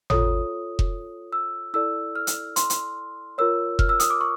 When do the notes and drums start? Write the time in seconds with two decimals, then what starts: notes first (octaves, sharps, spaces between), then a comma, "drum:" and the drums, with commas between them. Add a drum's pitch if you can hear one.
0.10 F4 A4 C#5 D#6, drum: tom G#1
0.79 drum: kick F1
1.33 E6
1.74 E4 A4 D5 E6
2.16 F6
2.27 drum: hi-hat
2.56 C6, drum: hi-hat
2.70 drum: hi-hat
3.38 F4 A#4 C#5 E6
3.79 F6, drum: kick F1
3.89 E6
4.00 D#6, drum: hi-hat
4.10 D6
4.21 C#6